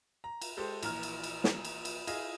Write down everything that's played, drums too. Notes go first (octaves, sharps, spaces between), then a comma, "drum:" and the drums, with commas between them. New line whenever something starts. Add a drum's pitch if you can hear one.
A#5
drum: cymbal
G#3 G4 A4 C5
A#1 E3 A#5 F6, drum: cymbal
drum: cymbal
drum: cymbal
drum: snare
drum: cymbal
drum: cymbal
E4 F4 G#4 D#5, drum: cymbal